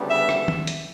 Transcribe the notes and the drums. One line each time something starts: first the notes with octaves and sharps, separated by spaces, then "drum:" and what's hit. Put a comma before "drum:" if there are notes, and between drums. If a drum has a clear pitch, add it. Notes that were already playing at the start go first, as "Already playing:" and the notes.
Already playing: D2 C#3 G3 B3
E5
drum: rim click
drum: tom
drum: hi-hat